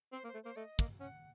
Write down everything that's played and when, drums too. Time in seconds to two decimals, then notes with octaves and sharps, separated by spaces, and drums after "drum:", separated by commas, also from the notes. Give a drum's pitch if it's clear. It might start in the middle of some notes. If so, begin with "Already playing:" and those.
0.13 C4 C5
0.24 A#3
0.28 C5
0.35 A3
0.43 A#3 C5
0.56 A3 D#5
0.79 A#3, drum: kick
1.00 C#4 F#5